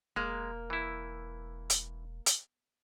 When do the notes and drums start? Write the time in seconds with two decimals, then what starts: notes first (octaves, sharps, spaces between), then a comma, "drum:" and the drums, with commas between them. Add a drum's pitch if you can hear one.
0.16 E1 G#3 A#3
0.70 E3 E4
1.70 drum: hi-hat
2.26 drum: hi-hat